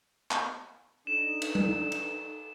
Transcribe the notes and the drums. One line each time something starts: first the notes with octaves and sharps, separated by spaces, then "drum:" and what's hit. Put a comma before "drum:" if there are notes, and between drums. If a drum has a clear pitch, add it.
drum: clap
D4 D#4 A4 E7
drum: cymbal
drum: tom G3
drum: cymbal